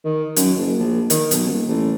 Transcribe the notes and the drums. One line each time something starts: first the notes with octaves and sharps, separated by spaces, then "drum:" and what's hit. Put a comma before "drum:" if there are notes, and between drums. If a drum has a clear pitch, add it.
D#3
F#2, drum: hi-hat
F#1
A#1
D#3, drum: hi-hat
B1, drum: hi-hat
D#1
A1